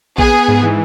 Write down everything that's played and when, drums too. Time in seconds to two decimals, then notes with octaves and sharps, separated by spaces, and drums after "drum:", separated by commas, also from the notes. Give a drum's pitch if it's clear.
0.18 B3 G#4, drum: kick A1
0.33 B3
0.48 G#2
0.63 E3